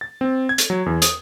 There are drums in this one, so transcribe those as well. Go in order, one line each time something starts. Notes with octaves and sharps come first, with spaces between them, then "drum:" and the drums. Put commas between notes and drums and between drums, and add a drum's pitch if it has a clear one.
A6
C4
G#6
drum: hi-hat
F#3
E2
D#6, drum: hi-hat